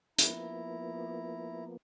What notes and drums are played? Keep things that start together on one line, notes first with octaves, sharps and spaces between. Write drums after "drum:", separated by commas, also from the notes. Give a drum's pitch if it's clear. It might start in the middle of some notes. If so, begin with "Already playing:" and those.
F3 A#3 B3 E4 A#5, drum: hi-hat